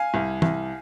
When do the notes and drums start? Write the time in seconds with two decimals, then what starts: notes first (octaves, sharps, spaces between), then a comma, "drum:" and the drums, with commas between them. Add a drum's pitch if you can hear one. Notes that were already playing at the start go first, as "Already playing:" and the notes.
Already playing: F5 G#5
0.14 C2
0.42 C2, drum: tom